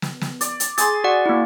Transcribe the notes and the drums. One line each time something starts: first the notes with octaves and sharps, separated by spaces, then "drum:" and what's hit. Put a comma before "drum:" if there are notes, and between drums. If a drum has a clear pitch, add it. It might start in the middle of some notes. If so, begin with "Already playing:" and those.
drum: snare
drum: snare
D5, drum: hi-hat
drum: hi-hat
G#4 G#5 C6 A6, drum: hi-hat
F#4 D5 F#5
A#3 E4